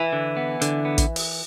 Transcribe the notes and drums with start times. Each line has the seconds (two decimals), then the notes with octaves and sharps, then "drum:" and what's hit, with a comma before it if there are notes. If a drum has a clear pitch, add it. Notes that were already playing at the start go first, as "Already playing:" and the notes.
Already playing: E3
0.13 D3
0.37 B3
0.62 D3, drum: hi-hat
0.85 B3
0.98 drum: kick, hi-hat
1.16 drum: open hi-hat